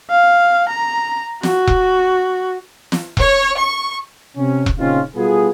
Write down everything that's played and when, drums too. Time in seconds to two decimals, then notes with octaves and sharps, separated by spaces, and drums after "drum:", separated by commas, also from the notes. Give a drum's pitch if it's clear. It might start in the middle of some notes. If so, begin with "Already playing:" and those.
0.10 F5
0.69 A#5
1.43 F#4, drum: snare
1.67 drum: kick E1
2.92 drum: snare
3.17 C#5, drum: kick E1
3.58 C#6
4.36 C3 C#4
4.66 drum: kick E1
4.78 A#2 C#3 C4 C#4 D#4 F4
5.16 B2 G3 A3 B3 F4 G#4